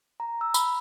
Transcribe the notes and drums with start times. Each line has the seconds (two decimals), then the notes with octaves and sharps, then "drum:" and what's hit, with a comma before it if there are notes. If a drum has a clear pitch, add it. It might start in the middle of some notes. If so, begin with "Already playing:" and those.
0.20 A#5
0.41 E6
0.54 B5, drum: tambourine